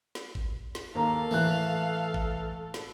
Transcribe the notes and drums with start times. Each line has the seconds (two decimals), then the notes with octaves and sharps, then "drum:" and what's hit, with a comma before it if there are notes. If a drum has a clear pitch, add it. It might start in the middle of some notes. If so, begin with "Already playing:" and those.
0.15 drum: snare
0.35 drum: kick G#1
0.75 drum: snare
0.95 D#2 A#3 A4 F5 A#5
1.31 A2 E3 F#6
2.14 drum: kick G#1
2.74 drum: snare